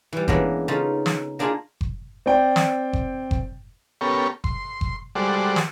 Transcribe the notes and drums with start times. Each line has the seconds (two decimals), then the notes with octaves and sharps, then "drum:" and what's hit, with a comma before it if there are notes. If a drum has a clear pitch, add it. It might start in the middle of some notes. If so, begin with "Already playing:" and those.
0.12 E3 G3
0.28 E3 G#3 A#3 B3 C#4 D4, drum: kick F#1
0.68 C#3 D#4 F4 A4
1.06 drum: snare
1.39 A#3 D4 D#4 F4 G#4
1.81 drum: kick F#1
2.26 C4 D5 G5
2.56 drum: snare
2.93 drum: kick F#1
3.31 drum: kick F#1
4.01 B3 C#4 G4 A4 A#4 C#5
4.44 C6, drum: kick F#1
4.81 drum: kick F#1
5.15 G3 G#3 F#4 A4 C5 D5
5.56 drum: snare